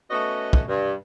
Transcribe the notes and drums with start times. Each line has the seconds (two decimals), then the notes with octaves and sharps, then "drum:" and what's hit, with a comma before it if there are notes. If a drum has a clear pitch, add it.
0.11 A3 B3 C#4 F#4 D#5
0.53 drum: kick
0.68 G2